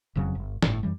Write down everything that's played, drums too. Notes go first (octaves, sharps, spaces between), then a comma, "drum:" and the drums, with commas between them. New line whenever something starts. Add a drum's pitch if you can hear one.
E1 F2 C#3 F#3
G1
G1 A2, drum: snare
F#2 E3 G3